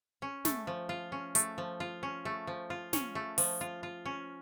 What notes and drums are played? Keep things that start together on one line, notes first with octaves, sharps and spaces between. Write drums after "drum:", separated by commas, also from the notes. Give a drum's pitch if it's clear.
C#4
A3, drum: snare
F3
F4
C#4
A3, drum: hi-hat
F3
F4
C#4
A3
F3
F4
C#4, drum: snare
A3
F3, drum: open hi-hat
F4
F4
C#4